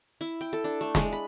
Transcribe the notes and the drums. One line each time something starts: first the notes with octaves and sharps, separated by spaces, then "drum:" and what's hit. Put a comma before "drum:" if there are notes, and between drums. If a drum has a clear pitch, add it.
E4
G5
A4
D4
A3
G#3, drum: snare
B5